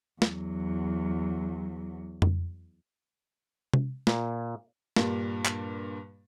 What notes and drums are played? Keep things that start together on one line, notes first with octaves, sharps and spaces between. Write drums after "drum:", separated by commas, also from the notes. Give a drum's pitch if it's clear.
E2 F#3, drum: snare
drum: tom F2
drum: tom C3
A#2, drum: snare
G2 A#2 G3 A#3, drum: snare
drum: clap